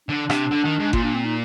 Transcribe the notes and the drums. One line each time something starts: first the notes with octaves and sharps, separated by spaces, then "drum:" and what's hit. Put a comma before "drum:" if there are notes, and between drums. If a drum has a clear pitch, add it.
D3 D4
C3, drum: rim click
D3
D#3
G#2
A#2 F4, drum: kick G1
D4
C4
D#4